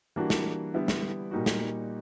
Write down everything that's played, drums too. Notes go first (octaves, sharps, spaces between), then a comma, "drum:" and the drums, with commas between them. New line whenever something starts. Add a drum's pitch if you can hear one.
E3 G3 A#3 D4 F#4
drum: snare
D3 G3 B3 E4
drum: snare
A#2 G3 A#3 D#4 F#4
drum: snare